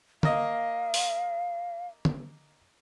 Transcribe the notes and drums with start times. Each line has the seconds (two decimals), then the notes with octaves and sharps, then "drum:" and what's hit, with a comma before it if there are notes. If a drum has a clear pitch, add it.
0.23 A#3 D#5 F5, drum: tom D3
0.94 drum: open hi-hat
2.05 drum: tom D3